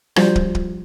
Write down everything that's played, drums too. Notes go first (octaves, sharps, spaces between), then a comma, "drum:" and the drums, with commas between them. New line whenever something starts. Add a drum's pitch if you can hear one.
F3 G3 F4 F#4 C5, drum: rim click
drum: kick
drum: kick